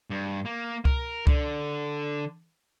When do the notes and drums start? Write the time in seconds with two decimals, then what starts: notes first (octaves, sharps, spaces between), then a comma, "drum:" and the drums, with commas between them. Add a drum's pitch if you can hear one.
0.10 G2
0.45 A#3
0.85 A#4, drum: kick C2
1.27 D3, drum: kick C2